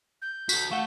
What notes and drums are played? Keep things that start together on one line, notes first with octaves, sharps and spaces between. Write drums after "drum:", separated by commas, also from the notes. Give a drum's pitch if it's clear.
G6
F#4 A4 B6, drum: tambourine
A3 F5 F#5 C#6 E7 G7